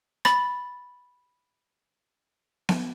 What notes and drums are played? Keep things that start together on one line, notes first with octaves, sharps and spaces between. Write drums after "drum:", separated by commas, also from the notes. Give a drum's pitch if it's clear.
B5 A6, drum: rim click
drum: snare B3